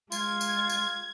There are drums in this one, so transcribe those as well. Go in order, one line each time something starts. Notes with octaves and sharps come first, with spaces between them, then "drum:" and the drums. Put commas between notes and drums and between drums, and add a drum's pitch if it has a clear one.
G#3 F4 G#6, drum: tambourine
drum: tambourine
drum: tambourine